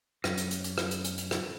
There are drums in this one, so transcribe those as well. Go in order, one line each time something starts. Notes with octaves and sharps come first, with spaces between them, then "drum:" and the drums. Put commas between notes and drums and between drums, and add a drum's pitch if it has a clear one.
F#2, drum: rim click
drum: hi-hat
drum: hi-hat
drum: hi-hat
drum: rim click
drum: hi-hat
drum: hi-hat
drum: hi-hat
drum: rim click